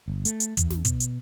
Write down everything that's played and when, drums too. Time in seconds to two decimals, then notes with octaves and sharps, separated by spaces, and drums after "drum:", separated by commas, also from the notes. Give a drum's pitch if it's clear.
0.08 G1
0.25 A3, drum: hi-hat
0.40 drum: hi-hat
0.57 E2, drum: kick, hi-hat
0.70 drum: snare
0.85 B2, drum: kick, hi-hat
1.00 drum: hi-hat